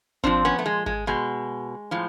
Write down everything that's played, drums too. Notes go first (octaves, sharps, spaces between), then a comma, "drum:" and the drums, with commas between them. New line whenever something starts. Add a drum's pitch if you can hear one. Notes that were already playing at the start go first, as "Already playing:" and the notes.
A#2 F3 C4 D4, drum: kick G#1
B3 C#4
A3
G#3
G#3, drum: kick G#1
B2 G#3
A2 F3